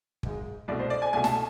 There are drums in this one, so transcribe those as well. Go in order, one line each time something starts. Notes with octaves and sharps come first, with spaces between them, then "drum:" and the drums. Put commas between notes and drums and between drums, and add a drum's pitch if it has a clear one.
G#1 G#2 G#3, drum: kick
C2 B2 A3 D5
C5
D5
G#5
C2 B2 A3 G#5
A5, drum: snare